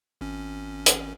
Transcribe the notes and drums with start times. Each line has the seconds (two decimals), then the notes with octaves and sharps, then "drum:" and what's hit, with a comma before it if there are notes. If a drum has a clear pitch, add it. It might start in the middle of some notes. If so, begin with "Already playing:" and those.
0.21 G#1 C#4
0.86 drum: hi-hat